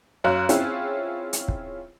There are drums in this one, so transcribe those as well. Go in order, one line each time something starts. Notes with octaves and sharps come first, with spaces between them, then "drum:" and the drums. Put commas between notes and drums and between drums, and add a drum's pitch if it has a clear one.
F#2 C#4 F5 F#6
C4 C#4 E4 F4 G#4, drum: hi-hat
drum: hi-hat
drum: kick